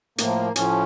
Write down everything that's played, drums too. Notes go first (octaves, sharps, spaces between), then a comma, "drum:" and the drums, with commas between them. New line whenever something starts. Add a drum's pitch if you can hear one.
A2 F3 A#3, drum: hi-hat
A2 F3 C#4, drum: hi-hat